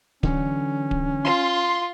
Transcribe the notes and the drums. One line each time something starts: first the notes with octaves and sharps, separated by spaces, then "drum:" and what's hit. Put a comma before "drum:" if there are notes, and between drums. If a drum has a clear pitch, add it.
D3 E3 F#3 C#4, drum: kick D1
drum: kick D1
F4 C6